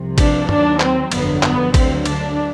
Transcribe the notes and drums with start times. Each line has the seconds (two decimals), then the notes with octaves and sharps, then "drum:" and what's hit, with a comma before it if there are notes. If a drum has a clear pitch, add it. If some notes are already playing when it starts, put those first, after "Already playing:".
Already playing: C2 C3 F3
0.18 D4, drum: kick G#1, cymbal
0.49 D#2 D#3 F#3 D4, drum: tom
0.80 C4, drum: clap
1.12 G1 F2 D3 F#3 B3, drum: cymbal
1.43 B3, drum: clap
1.74 D2 D3 F#3 C4, drum: kick G#1, cymbal
2.05 D4, drum: cymbal